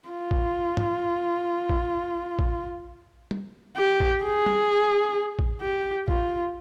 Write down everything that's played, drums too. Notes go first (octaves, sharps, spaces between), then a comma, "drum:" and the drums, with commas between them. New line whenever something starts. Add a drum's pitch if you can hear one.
F4
drum: kick A1
drum: tom
drum: kick A1
drum: kick A1
drum: tom
G4
drum: kick A1
G#4
drum: tom
drum: kick A1
G4
F4, drum: kick A1